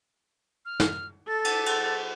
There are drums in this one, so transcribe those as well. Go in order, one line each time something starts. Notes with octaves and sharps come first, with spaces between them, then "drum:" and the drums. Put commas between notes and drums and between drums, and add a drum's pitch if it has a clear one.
F6
drum: snare
A4 A6
drum: cymbal
A6, drum: cymbal